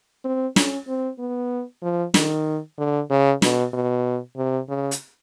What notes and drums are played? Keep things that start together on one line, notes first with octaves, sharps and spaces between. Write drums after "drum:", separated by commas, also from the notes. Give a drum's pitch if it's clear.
C4
C#4, drum: snare
C4
B3
F3
D#3, drum: snare
D3
C#3
B2, drum: snare
B2
C3
C#3
drum: hi-hat